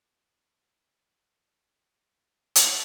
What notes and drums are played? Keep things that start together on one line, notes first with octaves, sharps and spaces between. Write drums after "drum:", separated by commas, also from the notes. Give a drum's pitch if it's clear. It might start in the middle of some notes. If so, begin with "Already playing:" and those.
A4
G#4
A4
G#4
F#4
G#4
drum: hi-hat